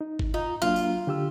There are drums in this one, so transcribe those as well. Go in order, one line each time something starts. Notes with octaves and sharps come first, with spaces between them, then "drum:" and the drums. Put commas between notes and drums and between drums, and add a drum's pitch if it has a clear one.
D#4
drum: kick G1
D#4 F4
F#3 A#3 D4 F4
drum: tambourine
D3 G4 E6